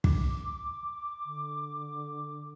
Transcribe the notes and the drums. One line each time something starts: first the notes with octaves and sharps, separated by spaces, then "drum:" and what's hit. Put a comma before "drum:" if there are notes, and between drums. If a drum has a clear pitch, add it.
D6, drum: kick
D3